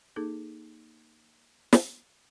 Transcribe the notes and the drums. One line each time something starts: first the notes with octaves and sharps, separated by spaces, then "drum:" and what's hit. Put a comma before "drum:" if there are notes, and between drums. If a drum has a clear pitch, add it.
A#3 D#4 G#4 A4
drum: snare